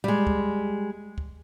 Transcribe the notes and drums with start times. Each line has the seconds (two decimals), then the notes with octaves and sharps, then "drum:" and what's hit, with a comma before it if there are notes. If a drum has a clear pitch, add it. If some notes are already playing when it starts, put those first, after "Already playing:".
0.04 G3 G#3
0.27 drum: kick
1.18 drum: kick